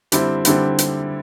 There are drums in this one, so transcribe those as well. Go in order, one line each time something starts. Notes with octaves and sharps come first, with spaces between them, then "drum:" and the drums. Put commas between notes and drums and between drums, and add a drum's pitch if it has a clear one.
D3 G3 C4 E4, drum: hi-hat
D3 G3 C4 E4, drum: hi-hat
drum: hi-hat